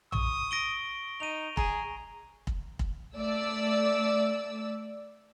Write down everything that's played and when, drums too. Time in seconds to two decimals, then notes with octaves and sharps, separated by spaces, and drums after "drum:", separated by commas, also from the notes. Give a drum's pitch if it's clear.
0.12 C#6 D#6, drum: tom A#1
0.51 A#6 D7 G7
1.20 D#4 D#7 F7
1.57 G#4 A#5, drum: kick
2.47 drum: kick
2.79 drum: kick
3.16 A3 D5 E6